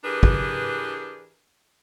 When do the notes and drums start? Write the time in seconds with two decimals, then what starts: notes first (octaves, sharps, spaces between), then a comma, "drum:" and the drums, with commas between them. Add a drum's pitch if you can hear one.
0.04 E3 D4 G4 G#4 A#4 B4
0.23 drum: kick